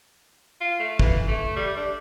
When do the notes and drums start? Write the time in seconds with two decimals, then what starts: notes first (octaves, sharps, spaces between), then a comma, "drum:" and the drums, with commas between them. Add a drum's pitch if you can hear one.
0.61 F4
0.79 A3
0.99 E3, drum: kick
1.28 A3
1.56 G3
1.77 D4